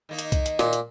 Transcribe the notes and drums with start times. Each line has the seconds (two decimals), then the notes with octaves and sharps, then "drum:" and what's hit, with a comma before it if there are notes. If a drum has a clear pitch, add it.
0.09 D#3 A#3 D#4
0.19 drum: hi-hat
0.32 drum: kick C2, hi-hat
0.46 drum: hi-hat
0.59 A#2, drum: snare
0.73 drum: hi-hat